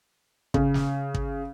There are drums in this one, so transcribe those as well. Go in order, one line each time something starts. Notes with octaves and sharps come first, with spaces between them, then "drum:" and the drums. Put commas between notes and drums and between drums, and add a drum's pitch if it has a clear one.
C#3, drum: kick
drum: snare
drum: kick